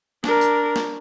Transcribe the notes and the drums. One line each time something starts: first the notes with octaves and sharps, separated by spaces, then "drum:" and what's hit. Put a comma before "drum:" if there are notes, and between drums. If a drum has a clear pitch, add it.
D4 A#4, drum: snare
drum: tambourine
drum: snare